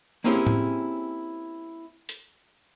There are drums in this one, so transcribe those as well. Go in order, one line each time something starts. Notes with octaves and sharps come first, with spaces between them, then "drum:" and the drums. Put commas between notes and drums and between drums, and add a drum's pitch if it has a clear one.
A#3 C4 C#4 E4 G4 G#4
drum: tom A2
drum: hi-hat